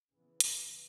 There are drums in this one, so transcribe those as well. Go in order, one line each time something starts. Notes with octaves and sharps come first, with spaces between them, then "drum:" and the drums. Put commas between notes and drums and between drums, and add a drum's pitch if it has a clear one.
C#3 E3 B3
drum: hi-hat